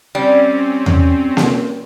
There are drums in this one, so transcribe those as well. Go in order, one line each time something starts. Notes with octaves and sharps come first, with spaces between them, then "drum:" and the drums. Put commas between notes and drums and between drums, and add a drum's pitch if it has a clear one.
G3 C4 C#4
drum: tom E2
drum: snare A#3